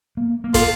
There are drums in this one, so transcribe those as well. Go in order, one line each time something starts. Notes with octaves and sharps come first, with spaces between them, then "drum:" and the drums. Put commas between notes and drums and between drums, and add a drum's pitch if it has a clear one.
A#3
A#3
F4, drum: kick, hi-hat